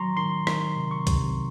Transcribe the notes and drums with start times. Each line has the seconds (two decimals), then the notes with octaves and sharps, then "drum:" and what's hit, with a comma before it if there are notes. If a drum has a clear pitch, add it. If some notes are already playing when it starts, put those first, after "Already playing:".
Already playing: D#3 F#3 A#5 C6 C#6
0.17 D#3 C6
0.47 D#3 C6, drum: rim click
0.76 C3
0.91 C#6
1.07 C3, drum: kick C2, hi-hat